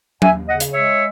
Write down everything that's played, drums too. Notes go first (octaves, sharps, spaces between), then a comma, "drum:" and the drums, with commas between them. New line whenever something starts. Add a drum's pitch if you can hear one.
D#2 E5 G#5, drum: tom F#3
C#3 D#5 F#5
drum: hi-hat
G#3 C#5 E5